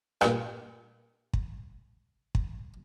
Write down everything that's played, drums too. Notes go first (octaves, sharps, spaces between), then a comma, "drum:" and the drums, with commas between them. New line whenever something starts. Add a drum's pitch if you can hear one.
G2 A#2, drum: rim click
drum: kick
drum: kick